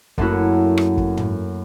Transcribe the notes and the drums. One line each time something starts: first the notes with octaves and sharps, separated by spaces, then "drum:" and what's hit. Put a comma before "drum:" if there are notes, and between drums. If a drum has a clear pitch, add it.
F#2 A3 A#3 C#4 E4 F#4, drum: kick
drum: rim click
drum: kick
drum: tom